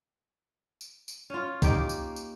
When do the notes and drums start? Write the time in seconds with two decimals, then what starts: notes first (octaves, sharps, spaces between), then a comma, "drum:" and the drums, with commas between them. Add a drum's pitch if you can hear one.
0.81 drum: tambourine
1.08 drum: tambourine
1.30 C#4 F4
1.62 A#3 D#4 G4 G5, drum: kick, tambourine
1.89 drum: tambourine
2.16 drum: tambourine